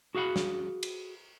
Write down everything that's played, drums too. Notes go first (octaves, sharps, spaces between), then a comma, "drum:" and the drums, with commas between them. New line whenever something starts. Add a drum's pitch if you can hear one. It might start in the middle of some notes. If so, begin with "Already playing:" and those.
F#4 G#4 F5 F#5 B5
drum: snare
drum: cymbal